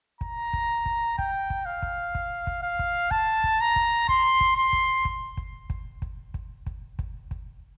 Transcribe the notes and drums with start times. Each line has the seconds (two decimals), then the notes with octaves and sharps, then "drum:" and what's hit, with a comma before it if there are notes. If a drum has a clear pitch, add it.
0.21 A#5, drum: kick
0.53 drum: kick
0.86 drum: kick
1.18 G5, drum: kick
1.50 drum: kick
1.66 F5
1.82 drum: kick
2.15 drum: kick
2.47 drum: kick
2.63 F5
2.79 drum: kick
3.11 A5, drum: kick
3.44 drum: kick
3.61 A#5
3.76 drum: kick
4.09 C6, drum: kick
4.41 drum: kick
4.56 C6
4.73 drum: kick
5.05 drum: kick
5.37 drum: kick
5.70 drum: kick
6.02 drum: kick
6.34 drum: kick
6.66 drum: kick
6.99 drum: kick
7.31 drum: kick